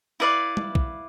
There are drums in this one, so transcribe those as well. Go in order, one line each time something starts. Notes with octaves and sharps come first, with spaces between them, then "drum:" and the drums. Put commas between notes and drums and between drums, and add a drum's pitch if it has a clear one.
E4 B4 D5 F5
drum: tom
drum: kick